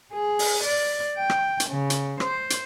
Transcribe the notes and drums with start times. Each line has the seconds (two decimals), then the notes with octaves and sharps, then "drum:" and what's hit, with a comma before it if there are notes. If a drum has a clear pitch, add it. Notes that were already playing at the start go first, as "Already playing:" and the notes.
0.12 G#4
0.39 drum: open hi-hat
0.64 D5
1.17 G5
1.30 drum: rim click
1.60 drum: hi-hat
1.69 C#3
1.90 drum: hi-hat
2.20 C5, drum: rim click
2.50 drum: hi-hat